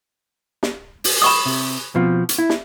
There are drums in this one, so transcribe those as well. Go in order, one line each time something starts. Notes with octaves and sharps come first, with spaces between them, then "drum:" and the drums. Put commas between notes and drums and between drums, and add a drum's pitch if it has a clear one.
drum: snare
drum: open hi-hat
B5 C#6 D#6
C3
B2 F3 C4
drum: hi-hat
E4
drum: snare